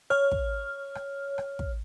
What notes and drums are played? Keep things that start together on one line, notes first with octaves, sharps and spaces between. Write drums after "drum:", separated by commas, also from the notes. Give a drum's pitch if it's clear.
C#5 F6, drum: rim click
drum: kick
drum: rim click
drum: rim click
drum: kick